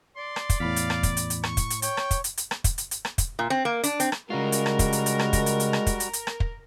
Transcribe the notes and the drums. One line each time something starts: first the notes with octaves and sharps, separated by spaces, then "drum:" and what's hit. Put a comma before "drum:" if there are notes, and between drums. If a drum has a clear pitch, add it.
D5 C6
drum: rim click
drum: kick, hi-hat
E2 A2 F5 B5 B6
drum: hi-hat
drum: rim click
drum: kick, hi-hat
drum: hi-hat
drum: hi-hat
C#6, drum: rim click
drum: kick, hi-hat
drum: hi-hat
C#5 G5, drum: hi-hat
drum: rim click
drum: kick, hi-hat
drum: hi-hat
drum: hi-hat
drum: rim click
drum: kick, hi-hat
drum: hi-hat
drum: hi-hat
drum: rim click
drum: kick, hi-hat
A#2
C4
A#3
D4, drum: hi-hat
C4, drum: hi-hat
drum: rim click
C#3 G3 G#3 F4 F#4 A#4
drum: hi-hat
drum: rim click
drum: kick, hi-hat
drum: hi-hat
drum: hi-hat
drum: rim click
drum: kick, hi-hat
drum: hi-hat
drum: hi-hat
drum: rim click
drum: kick, hi-hat
drum: hi-hat
drum: hi-hat
drum: rim click
drum: kick